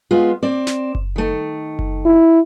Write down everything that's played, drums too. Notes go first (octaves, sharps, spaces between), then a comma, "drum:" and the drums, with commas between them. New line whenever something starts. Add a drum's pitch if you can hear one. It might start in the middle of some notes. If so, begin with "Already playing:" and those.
G#3 B3 F4
C4 D5
drum: snare
drum: kick F#1
D#3 A3
drum: kick F#1
E4